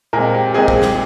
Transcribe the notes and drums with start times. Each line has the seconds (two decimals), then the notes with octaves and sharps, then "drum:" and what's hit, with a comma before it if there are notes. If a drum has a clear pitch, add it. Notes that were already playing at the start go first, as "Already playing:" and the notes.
0.13 A#2 G#3 C4 A#4
0.35 G4
0.54 A#2 G#3 C4 G#4
0.68 drum: kick
0.82 drum: snare